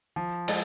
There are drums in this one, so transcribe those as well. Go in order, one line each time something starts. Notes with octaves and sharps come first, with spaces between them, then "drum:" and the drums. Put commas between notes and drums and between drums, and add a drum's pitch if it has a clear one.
F3
G#3, drum: cymbal